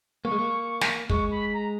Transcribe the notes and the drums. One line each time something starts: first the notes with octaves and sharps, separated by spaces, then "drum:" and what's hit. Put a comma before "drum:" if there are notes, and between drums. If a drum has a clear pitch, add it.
A#3 C#6
G#3
A#3
drum: snare
G#3 C#6, drum: kick
B5
A#5